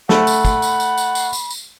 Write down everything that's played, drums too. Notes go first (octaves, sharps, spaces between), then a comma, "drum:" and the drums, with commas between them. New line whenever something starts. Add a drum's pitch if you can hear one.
A3 F#5 B5, drum: snare
drum: tambourine
drum: kick, tambourine
drum: tambourine
drum: tambourine
drum: tambourine
drum: tambourine
drum: tambourine
drum: tambourine